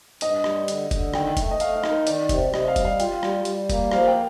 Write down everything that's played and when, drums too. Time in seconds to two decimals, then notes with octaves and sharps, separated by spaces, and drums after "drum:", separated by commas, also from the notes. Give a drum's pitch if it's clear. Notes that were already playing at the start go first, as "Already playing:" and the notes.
0.21 G2 D#5, drum: hi-hat
0.44 G3, drum: rim click
0.68 D3, drum: hi-hat
0.91 D3, drum: kick F1, hi-hat
1.14 D#3 G5, drum: rim click
1.37 A3, drum: kick F1, hi-hat
1.51 D#5
1.60 A3 F5, drum: hi-hat
1.76 F5
1.84 D#4, drum: rim click
1.91 A#4
2.07 D#3 D5, drum: hi-hat
2.29 C3, drum: kick F1, hi-hat
2.54 C3 D#5, drum: rim click
2.68 F5
2.76 G3, drum: kick F1, hi-hat
2.85 F5
3.00 F4 G5, drum: hi-hat
3.23 G3, drum: rim click
3.45 G3, drum: hi-hat
3.70 A#3, drum: kick F1, hi-hat
3.91 F3 F5, drum: rim click
4.08 G5